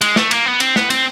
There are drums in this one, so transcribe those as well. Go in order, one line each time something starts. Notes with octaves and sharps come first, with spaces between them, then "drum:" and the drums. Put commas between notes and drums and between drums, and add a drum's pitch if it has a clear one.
G#3, drum: cymbal
A3, drum: snare
A#3, drum: cymbal
B3
C4, drum: cymbal
B3, drum: snare
C4, drum: cymbal